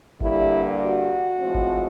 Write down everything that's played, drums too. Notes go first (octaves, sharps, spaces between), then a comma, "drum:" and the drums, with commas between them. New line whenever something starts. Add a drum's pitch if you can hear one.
G2 D3 G3 A#3 E4, drum: kick G1
F#4
A2 F3 G#3 C4
drum: kick G1